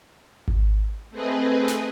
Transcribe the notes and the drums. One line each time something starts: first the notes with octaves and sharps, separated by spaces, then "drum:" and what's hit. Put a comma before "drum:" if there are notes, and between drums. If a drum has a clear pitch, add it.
drum: kick G#1
A3 C4 G#4 B4 D#5
drum: snare